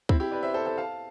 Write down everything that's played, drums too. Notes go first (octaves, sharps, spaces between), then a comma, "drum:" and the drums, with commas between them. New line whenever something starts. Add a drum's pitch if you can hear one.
C4 E4, drum: kick C#2
E4 G4
B4 D5
C5 E5
A4 C5
A4 C5
F5 A5